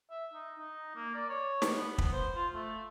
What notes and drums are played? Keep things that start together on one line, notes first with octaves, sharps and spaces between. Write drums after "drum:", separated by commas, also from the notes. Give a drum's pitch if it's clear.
E5
D#4
D#4
A#3
D5
C#5
drum: snare
B3
drum: kick
C5
F4
A3